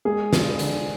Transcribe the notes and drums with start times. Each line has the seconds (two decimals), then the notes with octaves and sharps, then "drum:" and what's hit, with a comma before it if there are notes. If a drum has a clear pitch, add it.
0.05 G#3 G#4
0.33 D3, drum: snare
0.59 D3, drum: hi-hat